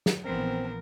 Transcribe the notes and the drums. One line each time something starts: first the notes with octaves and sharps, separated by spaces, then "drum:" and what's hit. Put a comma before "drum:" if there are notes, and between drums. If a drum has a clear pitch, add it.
drum: snare
A#1 E3 F3 B3 C4 A#4